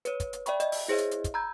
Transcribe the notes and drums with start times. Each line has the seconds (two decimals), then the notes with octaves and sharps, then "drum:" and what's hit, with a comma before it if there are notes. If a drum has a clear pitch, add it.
0.05 B4 C#5, drum: hi-hat
0.20 drum: kick, hi-hat
0.33 drum: hi-hat
0.46 D5 E5 G5 B5 C#6, drum: hi-hat
0.60 D#5 E5, drum: hi-hat
0.72 drum: open hi-hat
0.88 E4 G#4 C5 C#5 D#5 E5
0.98 drum: hi-hat
1.11 drum: hi-hat
1.24 drum: kick, hi-hat
1.34 A#5 B5 E6 G6 G#6